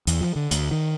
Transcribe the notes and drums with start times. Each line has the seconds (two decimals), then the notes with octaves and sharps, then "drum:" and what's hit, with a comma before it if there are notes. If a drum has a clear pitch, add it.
0.07 E2, drum: hi-hat
0.21 F3
0.36 D3
0.51 D2, drum: hi-hat
0.71 D#3